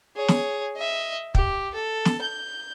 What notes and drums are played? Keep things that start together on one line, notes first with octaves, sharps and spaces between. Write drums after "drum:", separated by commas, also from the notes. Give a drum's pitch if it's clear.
G#4 C#5
drum: snare
D#5 E5
G4, drum: kick
A4
drum: snare
G6